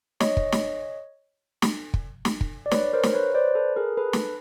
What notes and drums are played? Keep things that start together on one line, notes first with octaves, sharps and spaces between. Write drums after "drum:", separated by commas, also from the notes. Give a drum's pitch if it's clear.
C#5 D#5, drum: snare
drum: kick
drum: snare
drum: snare
drum: kick
drum: snare
drum: kick
D5
B4 C#5, drum: snare
A#4 C5
drum: snare
B4 C#5
C5 D5
A4 B4
G#4 A#4
A4 B4
drum: snare